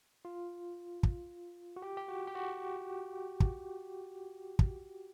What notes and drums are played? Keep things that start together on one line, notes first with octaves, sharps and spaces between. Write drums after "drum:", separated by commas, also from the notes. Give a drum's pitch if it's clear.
F4
drum: kick
F#4
G4
G4
F#4
G4
F#4
drum: kick
drum: kick